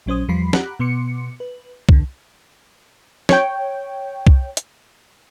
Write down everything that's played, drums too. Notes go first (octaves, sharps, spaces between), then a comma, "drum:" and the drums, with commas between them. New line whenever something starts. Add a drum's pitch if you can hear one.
A#1 F#3 C#4 C5 D#6
E2 F3 G3 F4 B5 C7
G4 F#5 A#5 B5 D6 F#6, drum: snare
B2 B3 C6 D6 C#7
B4
A1 E2 D3, drum: kick C2
C#5 G5, drum: snare
drum: kick C2
drum: hi-hat